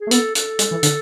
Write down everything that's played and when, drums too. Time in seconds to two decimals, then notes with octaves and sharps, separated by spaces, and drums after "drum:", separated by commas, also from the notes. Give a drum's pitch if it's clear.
0.01 G#4
0.07 A3
0.11 B3 A4, drum: hi-hat
0.35 A4, drum: hi-hat
0.59 G#3, drum: hi-hat
0.71 E3
0.83 D3, drum: hi-hat